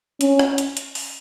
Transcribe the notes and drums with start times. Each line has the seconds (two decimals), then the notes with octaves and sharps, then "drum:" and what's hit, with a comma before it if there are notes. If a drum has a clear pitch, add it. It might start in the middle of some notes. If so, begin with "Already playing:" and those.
0.21 C#4, drum: hi-hat
0.39 drum: rim click
0.58 drum: hi-hat
0.77 drum: hi-hat
0.95 drum: open hi-hat